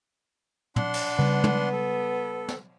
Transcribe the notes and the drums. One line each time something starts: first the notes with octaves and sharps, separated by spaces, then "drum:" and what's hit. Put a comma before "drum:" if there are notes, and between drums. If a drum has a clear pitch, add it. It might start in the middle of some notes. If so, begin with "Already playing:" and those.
D4 F#5 C6, drum: tom
drum: cymbal
C#3 G3 B3
drum: tom
A4
drum: snare